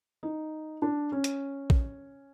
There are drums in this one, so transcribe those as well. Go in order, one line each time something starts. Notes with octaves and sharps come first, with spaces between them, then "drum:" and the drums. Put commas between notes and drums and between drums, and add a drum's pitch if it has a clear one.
D#4
D4
C#4
drum: hi-hat
drum: kick A#1